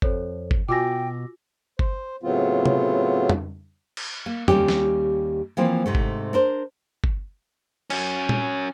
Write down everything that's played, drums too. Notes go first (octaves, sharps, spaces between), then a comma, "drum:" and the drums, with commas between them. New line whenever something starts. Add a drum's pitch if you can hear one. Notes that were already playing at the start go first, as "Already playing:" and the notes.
F2 A4 C5 C#5, drum: kick G1
drum: kick G1
B2 F4 F#4 G5 G#5 D6 E6 A#6
C5, drum: kick G1
A2 C#3 F#3 B3 C4 F4
drum: tom
drum: tom F2
drum: cymbal
A#3
D#2 G3 C#4 G4, drum: tom F2
drum: snare
E3 F3 A#3 C4
G#2 C3 A3
drum: kick G1
D4 A#4 C5
drum: kick G1
F#3 C#4, drum: cymbal
drum: tom